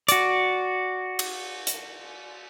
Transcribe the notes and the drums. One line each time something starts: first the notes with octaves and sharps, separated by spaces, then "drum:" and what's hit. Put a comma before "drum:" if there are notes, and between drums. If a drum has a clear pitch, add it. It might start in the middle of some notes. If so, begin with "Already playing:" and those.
F#4 D5, drum: hi-hat
drum: cymbal
drum: hi-hat